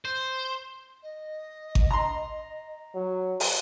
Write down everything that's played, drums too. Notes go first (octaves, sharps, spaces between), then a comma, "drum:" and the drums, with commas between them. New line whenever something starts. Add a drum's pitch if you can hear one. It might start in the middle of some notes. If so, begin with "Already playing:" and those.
C5
D#5
drum: kick G#1
A#5 C6
F#3
drum: open hi-hat